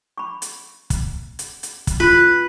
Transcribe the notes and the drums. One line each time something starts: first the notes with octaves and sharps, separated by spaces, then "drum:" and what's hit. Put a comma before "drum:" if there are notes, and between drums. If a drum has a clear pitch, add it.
B5 C#6
drum: hi-hat
drum: kick, hi-hat
drum: hi-hat
drum: hi-hat
drum: kick, hi-hat
F4 B4